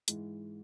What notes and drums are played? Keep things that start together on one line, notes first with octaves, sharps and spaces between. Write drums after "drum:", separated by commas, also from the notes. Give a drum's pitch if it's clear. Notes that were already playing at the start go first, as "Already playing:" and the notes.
G#2 E3 G#3, drum: hi-hat